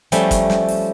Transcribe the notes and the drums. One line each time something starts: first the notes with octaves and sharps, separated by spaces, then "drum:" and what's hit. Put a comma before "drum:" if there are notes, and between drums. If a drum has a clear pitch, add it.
F3 G3 A3 C#4 E5, drum: hi-hat
drum: kick, hi-hat
drum: snare
drum: open hi-hat